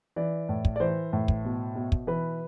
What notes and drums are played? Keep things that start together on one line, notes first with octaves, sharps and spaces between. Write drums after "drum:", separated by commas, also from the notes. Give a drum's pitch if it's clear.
E3 D5
A2
drum: kick
D5
E3 C5
A2
drum: kick
B2
B2
drum: kick
E3 B4